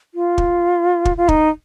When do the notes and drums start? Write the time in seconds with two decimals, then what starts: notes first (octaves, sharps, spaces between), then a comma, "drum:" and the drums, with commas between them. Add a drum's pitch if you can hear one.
0.15 F4
0.38 drum: kick
1.05 drum: kick
1.17 F4
1.29 D#4, drum: kick